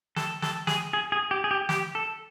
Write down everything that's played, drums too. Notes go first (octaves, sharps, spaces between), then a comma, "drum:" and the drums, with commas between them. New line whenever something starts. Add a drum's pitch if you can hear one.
A4, drum: snare
A4, drum: snare
G#4, drum: snare
G#4
G#4
G4
G#4
G4
G4, drum: snare
A4